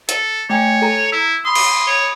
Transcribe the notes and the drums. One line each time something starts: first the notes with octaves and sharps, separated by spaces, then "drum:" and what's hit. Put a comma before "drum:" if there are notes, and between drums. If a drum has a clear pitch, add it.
A4, drum: hi-hat
A3 C#5 G5 G#5
A4 A#5
E4 E6
B5 C6 D#6
drum: cymbal
C#5